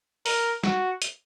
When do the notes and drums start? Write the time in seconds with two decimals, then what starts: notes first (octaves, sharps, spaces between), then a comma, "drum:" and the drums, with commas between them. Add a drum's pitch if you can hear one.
0.26 A#4, drum: open hi-hat
0.64 F#4, drum: snare
1.02 drum: hi-hat